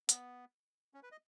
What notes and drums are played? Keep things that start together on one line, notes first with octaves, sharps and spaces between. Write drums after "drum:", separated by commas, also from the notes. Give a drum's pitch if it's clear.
B3, drum: hi-hat
C#4
B4
D#5